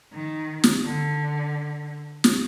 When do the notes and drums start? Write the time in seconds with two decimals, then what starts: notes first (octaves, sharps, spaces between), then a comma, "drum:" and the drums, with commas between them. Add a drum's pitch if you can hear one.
0.13 D#3
0.64 drum: snare
0.85 D3
2.24 drum: snare